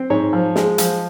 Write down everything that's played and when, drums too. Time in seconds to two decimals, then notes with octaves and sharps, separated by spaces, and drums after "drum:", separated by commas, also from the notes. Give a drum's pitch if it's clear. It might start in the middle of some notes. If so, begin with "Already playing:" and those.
Already playing: C4
0.10 G#2 C#5
0.33 F3
0.56 G#3, drum: snare
0.78 F3, drum: hi-hat